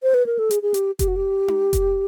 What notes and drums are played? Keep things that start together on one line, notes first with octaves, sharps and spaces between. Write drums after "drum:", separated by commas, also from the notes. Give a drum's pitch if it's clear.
C5
B4
A#4
A4
G#4, drum: hi-hat
G#4
G4, drum: hi-hat
G4, drum: kick F1, hi-hat
F#4
G4
drum: tom D#4
drum: kick F1, hi-hat